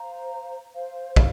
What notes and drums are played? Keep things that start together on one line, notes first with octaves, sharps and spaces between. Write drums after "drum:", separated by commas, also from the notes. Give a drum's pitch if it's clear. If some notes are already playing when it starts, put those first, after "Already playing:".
Already playing: C5 F5 A#5
C5 F5
drum: kick